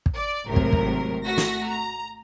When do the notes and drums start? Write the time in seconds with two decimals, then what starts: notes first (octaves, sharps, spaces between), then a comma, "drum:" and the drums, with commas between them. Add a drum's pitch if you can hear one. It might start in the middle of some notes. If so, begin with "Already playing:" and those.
0.06 drum: kick
0.16 D5
0.47 G#1 A2 C3 F#3 A#4
0.56 drum: kick
0.73 drum: kick
1.23 A3 F#4 A#6
1.38 drum: snare
1.67 A#5